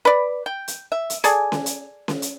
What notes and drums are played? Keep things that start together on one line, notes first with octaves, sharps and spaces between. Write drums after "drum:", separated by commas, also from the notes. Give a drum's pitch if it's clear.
B4 D5
G5
drum: hi-hat
E5
drum: hi-hat
G#4 A4 D5 G#5, drum: hi-hat
drum: snare C#4
drum: hi-hat
drum: snare C#4
drum: hi-hat